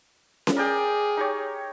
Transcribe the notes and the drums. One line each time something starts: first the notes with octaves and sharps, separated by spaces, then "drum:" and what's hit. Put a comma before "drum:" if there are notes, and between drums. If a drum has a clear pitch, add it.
drum: snare C#4
G#4 A#4 D5 G5
D#4 G4 C#5